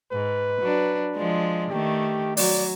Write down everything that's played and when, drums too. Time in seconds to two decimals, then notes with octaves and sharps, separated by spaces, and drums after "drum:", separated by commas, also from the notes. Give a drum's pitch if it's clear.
0.12 G#2 B4
0.61 F#3 D4
1.16 F3 G#3 D4
1.71 D#3 A3 G4
2.37 F#3 D5, drum: open hi-hat